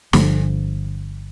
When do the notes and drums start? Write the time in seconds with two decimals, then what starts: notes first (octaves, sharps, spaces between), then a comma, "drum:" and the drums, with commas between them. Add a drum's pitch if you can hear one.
0.13 G1 G2 D3 F3, drum: snare